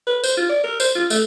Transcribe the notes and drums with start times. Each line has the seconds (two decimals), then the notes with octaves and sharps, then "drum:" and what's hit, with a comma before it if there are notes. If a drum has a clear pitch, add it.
0.07 B4
0.24 C5, drum: tambourine
0.37 F4
0.49 D5
0.63 A#4
0.80 C5, drum: tambourine
0.96 F4
1.10 A3, drum: tambourine